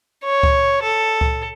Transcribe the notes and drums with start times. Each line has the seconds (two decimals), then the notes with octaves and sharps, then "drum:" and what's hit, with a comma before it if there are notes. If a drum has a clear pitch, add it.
0.24 C#5
0.43 drum: kick C#2
0.83 A4
1.21 drum: kick C#2